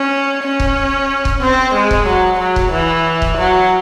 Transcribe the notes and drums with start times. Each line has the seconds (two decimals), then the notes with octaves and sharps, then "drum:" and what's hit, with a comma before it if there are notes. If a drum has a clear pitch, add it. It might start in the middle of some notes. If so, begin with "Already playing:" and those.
Already playing: C#4
0.43 C#4
0.60 drum: kick C#1
1.25 drum: kick C#1
1.41 C4
1.75 G#3
1.91 drum: kick C#1
2.07 F#3
2.40 F#3
2.56 drum: kick C#1
2.72 E3
3.22 drum: kick C#1
3.38 F#3